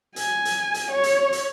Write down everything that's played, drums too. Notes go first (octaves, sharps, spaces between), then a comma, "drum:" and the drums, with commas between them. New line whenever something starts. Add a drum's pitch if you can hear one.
G#5, drum: hi-hat
drum: hi-hat
drum: hi-hat
C#5
drum: hi-hat
drum: hi-hat